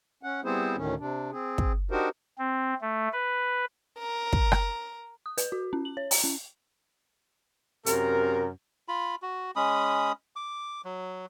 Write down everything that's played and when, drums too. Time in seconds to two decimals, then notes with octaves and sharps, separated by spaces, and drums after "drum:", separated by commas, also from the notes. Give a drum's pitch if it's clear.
0.23 C#4 F#5
0.44 G3 B3 C4 E4 G#4 C5
0.76 D2 A2 D#3 C#4
0.99 C3 D4
1.32 C4 G#4
1.58 drum: kick
1.91 D4 D#4 F#4 G4 A#4 C5
2.38 C4
2.81 A3
3.13 B4
3.98 A#4
4.33 drum: kick
4.52 drum: rim click
5.26 D#6
5.38 B4, drum: hi-hat
5.52 F#4
5.73 C#4
5.85 F#7
5.97 C#5
6.11 A#5, drum: open hi-hat
6.24 C#4
7.86 F#2 C3 A#4, drum: hi-hat
8.88 F4 B5
9.22 F#4
9.56 G#3 C#4 B5 D#6
10.36 D6
10.85 F#3